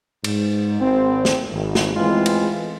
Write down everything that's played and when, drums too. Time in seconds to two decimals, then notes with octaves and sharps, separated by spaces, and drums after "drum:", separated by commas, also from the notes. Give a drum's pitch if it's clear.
0.24 G#2, drum: cymbal
0.80 G#1 C4
1.25 drum: snare
1.51 G#1
1.75 drum: snare
1.96 E2 E3 G#3 A3 C4 F4
2.26 drum: cymbal